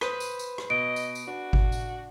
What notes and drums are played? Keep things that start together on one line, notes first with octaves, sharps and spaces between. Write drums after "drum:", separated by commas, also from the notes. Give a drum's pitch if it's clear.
B4 C5 D#6, drum: rim click
drum: tambourine
drum: tambourine
drum: rim click
B2 D#5 D7
drum: tambourine
drum: tambourine
D4 F#4
drum: kick G#1
drum: tambourine